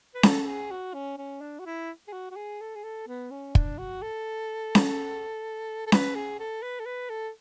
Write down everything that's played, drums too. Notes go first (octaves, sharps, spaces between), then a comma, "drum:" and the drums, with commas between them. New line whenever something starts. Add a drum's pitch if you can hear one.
B4
A4, drum: snare C#4
A4
G#4
F#4
C#4
C#4
D4
F#4
E4
G#4
F#4
F#4
G#4
A4
G#4
A4
B3
C#4
D4, drum: kick
F#4
A4
drum: snare C#4
A4
B4, drum: snare C#4
G#4
A4
B4
A4
B4
A4